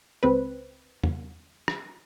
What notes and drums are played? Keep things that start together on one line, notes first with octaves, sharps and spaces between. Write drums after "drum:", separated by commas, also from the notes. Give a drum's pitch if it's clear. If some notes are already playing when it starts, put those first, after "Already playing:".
C#2 C4 B4
drum: tom E2
drum: rim click